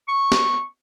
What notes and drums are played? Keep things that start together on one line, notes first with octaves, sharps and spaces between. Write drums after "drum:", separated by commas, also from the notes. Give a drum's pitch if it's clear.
C#6
drum: snare